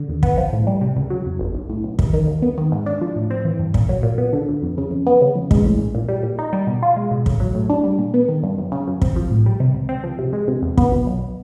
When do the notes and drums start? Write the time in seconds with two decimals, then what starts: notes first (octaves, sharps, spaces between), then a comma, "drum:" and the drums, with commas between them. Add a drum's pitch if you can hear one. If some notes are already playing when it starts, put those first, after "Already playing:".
Already playing: D3
0.09 D#2
0.23 B3, drum: kick
0.38 F3
0.53 A2
0.67 G3
0.81 C3
0.96 C#2
1.10 F#3
1.26 F2
1.39 G1
1.54 B1
1.69 A2
1.84 B1
1.99 D#2, drum: kick
2.13 D#3
2.27 D#2
2.42 B3
2.58 D#3
2.72 G#2
2.86 D4
3.01 F3
3.16 A2
3.30 C4
3.45 E3
3.59 G2
3.74 A#2, drum: kick
3.89 F#3
4.03 A#2
4.18 B3
4.33 D3
4.48 D2
4.62 F2
4.77 C#3
4.91 F2
5.07 B3
5.21 C#3
5.36 F2
5.51 G#3, drum: kick
5.65 A2
5.79 A#1
5.95 A#2
6.09 G3
6.23 A#2
6.39 D#4
6.53 G3
6.67 B2
6.83 F4
6.96 G#3
7.11 B2
7.26 A2, drum: kick
7.40 F#3
7.55 A2
7.69 D4
7.84 G3
7.98 A#2
8.14 B3
8.28 D#3
8.43 G2
8.58 F#2
8.72 C#3
8.88 F#2
9.02 C4, drum: kick
9.16 F3
9.30 A2
9.46 G3
9.60 C3
9.74 C#2
9.89 C4
10.04 F3
10.19 C3
10.33 G#3
10.48 C3
10.62 E2
10.78 B3, drum: kick
10.92 B2
11.07 B1